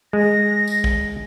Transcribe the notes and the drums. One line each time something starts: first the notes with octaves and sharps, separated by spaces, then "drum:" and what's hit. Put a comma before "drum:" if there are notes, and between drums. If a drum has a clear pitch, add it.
G#3 A#6
drum: tambourine
drum: kick B1